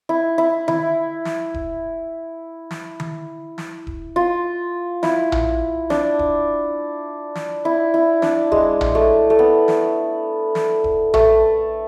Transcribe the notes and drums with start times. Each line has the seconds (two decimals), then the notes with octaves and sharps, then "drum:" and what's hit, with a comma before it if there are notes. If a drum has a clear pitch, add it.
0.09 E4
0.38 E4
0.68 E4, drum: tom D#3
1.25 drum: snare
1.54 drum: kick D#1
2.71 drum: snare
3.00 drum: tom D#3
3.58 drum: snare
3.87 drum: kick D#1
4.16 F4
5.03 E4, drum: snare
5.32 drum: tom A#1
5.90 D4, drum: snare
6.19 drum: kick D#1
7.35 drum: snare
7.65 E4
7.94 E4
8.22 D4, drum: snare
8.52 G#3, drum: kick D#1
8.81 drum: tom A#1
8.95 A3
9.30 A3
9.39 B3
9.68 drum: snare
10.55 drum: snare
10.84 drum: kick D#1
11.14 A3, drum: tom A#1